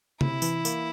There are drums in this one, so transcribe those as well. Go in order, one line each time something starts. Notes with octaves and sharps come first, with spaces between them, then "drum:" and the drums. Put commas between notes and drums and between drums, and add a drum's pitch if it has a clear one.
C3 E4, drum: tom C#3
E3, drum: tambourine
A#3, drum: tambourine